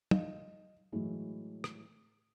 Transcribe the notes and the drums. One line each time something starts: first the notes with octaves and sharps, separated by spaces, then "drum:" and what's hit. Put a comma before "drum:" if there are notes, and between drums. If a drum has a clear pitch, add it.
D#5 F5, drum: tom
A2 E3 F#3 G#3 A3
drum: rim click